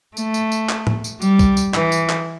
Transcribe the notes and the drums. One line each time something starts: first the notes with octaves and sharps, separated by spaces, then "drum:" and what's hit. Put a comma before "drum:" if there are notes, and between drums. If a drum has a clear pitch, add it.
A3, drum: tambourine
drum: tambourine
drum: tambourine
drum: clap
drum: tom A2
drum: tambourine
G3, drum: tambourine
drum: kick C2, tambourine
drum: tambourine
E3, drum: clap
drum: tambourine
drum: clap